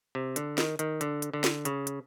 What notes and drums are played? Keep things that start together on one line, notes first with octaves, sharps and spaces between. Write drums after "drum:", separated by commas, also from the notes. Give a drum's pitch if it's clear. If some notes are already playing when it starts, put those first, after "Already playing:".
C3
D3, drum: hi-hat
D#3, drum: snare
D#3, drum: hi-hat
D3, drum: hi-hat
drum: hi-hat
D3
drum: snare
C#3, drum: hi-hat
drum: hi-hat